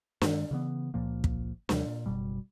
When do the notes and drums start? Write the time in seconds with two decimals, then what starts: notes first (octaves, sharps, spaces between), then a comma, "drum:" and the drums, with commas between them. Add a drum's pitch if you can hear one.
0.21 G2 D#3 G#3, drum: snare
0.51 C#3 E3 B3
0.94 C#2 A#2 F3 A#3
1.24 drum: kick
1.69 D#2 C3 F3 G3, drum: snare
1.86 A#2
2.06 F#1 B2 G3